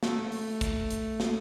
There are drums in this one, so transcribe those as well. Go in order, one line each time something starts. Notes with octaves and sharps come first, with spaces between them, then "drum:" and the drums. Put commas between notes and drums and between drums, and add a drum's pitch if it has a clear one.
A3, drum: snare
drum: open hi-hat
drum: kick, hi-hat
drum: hi-hat
drum: snare